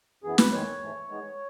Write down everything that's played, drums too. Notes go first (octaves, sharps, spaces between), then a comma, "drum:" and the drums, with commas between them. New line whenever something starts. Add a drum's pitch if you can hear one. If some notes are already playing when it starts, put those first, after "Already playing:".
F#2 E3 B3 G#4
B4, drum: snare
E2 D#3 G#3 C#5
G#2 E3 A3
E2 D#3 G#3 B3